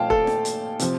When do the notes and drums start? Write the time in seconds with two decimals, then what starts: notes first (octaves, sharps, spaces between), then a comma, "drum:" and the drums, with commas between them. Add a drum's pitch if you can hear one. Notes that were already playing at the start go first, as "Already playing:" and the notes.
Already playing: A#2 F3 A3 F5 G5 A5
0.10 A4, drum: kick
0.27 drum: snare
0.45 drum: hi-hat
0.79 C3 F3, drum: hi-hat